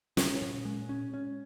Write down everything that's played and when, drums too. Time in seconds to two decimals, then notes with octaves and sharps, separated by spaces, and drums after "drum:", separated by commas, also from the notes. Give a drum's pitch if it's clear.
0.17 C#4, drum: snare
0.42 A#2
0.65 G#3
0.89 C#4
1.14 C#4